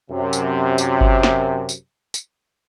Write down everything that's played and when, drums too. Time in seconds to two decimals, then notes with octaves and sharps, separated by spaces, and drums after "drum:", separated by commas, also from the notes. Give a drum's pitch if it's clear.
0.10 F#2 C3
0.33 drum: tambourine
0.78 drum: tambourine
1.01 drum: kick G1
1.23 drum: snare
1.69 drum: tambourine
2.14 drum: tambourine